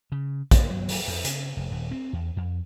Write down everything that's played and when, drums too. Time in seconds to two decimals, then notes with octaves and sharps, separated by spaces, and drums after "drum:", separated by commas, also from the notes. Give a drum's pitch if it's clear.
0.12 C#3
0.51 G2, drum: kick, hi-hat
0.70 F#3
0.89 drum: open hi-hat
1.08 F2
1.25 C#3, drum: hi-hat
1.57 F1
1.71 D#1
1.91 C4
2.13 E2
2.37 F2